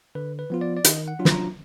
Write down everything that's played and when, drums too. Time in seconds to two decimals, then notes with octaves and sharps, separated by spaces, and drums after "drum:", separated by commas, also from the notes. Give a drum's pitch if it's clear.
0.15 D3 B4
0.39 B4
0.50 F3 B3 F4
0.61 D5
0.77 D5
0.84 D#3 D#5, drum: hi-hat
1.08 F#5
1.19 F#3 D4 F4
1.25 B5, drum: snare
1.31 A#5